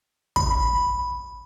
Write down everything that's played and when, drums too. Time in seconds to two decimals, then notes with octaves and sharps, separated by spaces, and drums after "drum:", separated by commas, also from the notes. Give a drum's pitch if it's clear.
0.36 B5, drum: kick